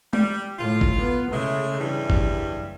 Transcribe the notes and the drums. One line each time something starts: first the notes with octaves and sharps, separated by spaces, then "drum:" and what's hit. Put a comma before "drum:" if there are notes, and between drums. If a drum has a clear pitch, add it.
G3, drum: tom G#3
A2 F4
drum: kick G#1
B3
C#3 G#3 A3 E4
G2 E3 G3
F#1, drum: kick G#1